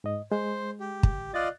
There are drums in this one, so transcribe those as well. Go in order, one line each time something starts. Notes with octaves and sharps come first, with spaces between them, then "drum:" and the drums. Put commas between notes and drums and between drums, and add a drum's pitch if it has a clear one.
G#2 D#5
G#3 C5
G4
drum: kick
F4 D5 D#5 F#6 A6